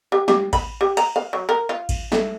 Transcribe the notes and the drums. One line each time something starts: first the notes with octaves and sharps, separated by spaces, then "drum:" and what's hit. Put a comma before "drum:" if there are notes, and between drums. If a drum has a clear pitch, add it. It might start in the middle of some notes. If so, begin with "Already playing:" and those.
G4
G4, drum: snare
B5, drum: kick A1, cymbal
G4
A#5, drum: cymbal
F5
F#3
A#4
F4
drum: kick A1, cymbal
A3, drum: snare